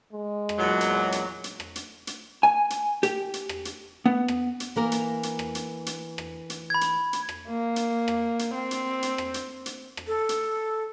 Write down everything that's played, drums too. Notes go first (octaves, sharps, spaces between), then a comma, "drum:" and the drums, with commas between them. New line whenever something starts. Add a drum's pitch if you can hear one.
G#3
drum: rim click
E2 A#2 F#3
drum: hi-hat
drum: hi-hat
drum: hi-hat
drum: rim click
drum: hi-hat
drum: hi-hat
G#5
drum: hi-hat
G4, drum: hi-hat
drum: hi-hat
drum: rim click
drum: hi-hat
B3
drum: rim click
drum: hi-hat
E3 A#3 A#4
drum: hi-hat
drum: hi-hat
drum: rim click
drum: hi-hat
drum: hi-hat
drum: rim click
drum: hi-hat
B5 G#6
drum: hi-hat
drum: hi-hat
drum: rim click
A#3
drum: hi-hat
drum: rim click
drum: hi-hat
C4
drum: hi-hat
drum: hi-hat
drum: rim click
drum: hi-hat
drum: hi-hat
drum: rim click
A4
drum: hi-hat